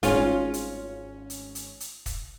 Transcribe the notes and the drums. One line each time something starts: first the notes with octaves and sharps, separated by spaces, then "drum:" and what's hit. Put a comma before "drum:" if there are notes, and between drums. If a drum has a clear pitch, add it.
G#1 C#4 F4, drum: kick, hi-hat
drum: hi-hat
drum: hi-hat
drum: hi-hat
drum: hi-hat
drum: kick, hi-hat